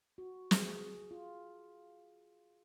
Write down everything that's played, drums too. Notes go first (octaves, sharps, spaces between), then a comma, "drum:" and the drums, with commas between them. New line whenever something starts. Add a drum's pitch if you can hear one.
F#4
G#4, drum: snare
F4